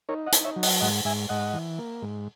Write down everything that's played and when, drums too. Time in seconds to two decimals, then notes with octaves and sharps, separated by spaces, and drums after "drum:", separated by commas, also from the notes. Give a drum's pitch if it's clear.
0.09 D#4 A#4 C#5
0.26 D#5 F#5
0.32 D#4, drum: hi-hat
0.44 C#5 E5
0.56 F#3
0.63 D#5 F#5, drum: open hi-hat
0.81 G#2 D#5 F#5
1.05 G#2 E5 G#5
1.29 G#2 D#5 F#5
1.53 E3
1.79 A#3
2.02 G#2